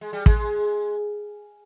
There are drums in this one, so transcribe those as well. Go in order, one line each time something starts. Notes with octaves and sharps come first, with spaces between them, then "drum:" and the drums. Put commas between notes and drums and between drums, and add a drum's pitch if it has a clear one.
G#3
G3
G#3, drum: kick